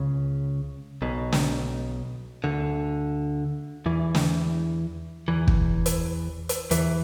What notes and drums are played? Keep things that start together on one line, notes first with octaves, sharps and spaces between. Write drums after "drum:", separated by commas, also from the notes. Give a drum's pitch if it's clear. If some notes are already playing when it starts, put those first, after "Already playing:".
Already playing: C#2 C#3
B1 B2
drum: snare
D2 D3
E2 E3
drum: snare
E2 E3
drum: kick
drum: hi-hat
drum: hi-hat
E2 E3, drum: hi-hat